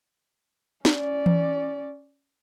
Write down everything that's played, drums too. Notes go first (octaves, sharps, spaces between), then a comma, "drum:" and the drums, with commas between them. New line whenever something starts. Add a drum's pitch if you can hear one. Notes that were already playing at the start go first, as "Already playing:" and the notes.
C#4 D5, drum: snare
drum: tom E3